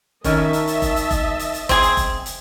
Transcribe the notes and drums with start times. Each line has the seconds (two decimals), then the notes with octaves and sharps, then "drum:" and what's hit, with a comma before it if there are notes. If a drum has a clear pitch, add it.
0.24 D#3 C#4 A#4 D#5 E5 A5, drum: kick F1, hi-hat
0.53 drum: hi-hat
0.68 drum: hi-hat
0.82 drum: kick F1, hi-hat
0.96 drum: hi-hat
1.11 drum: kick F1, hi-hat
1.39 drum: hi-hat
1.54 drum: hi-hat
1.69 C4 G#4, drum: kick F1, hi-hat
1.83 drum: hi-hat
1.97 drum: kick F1, hi-hat
2.26 drum: hi-hat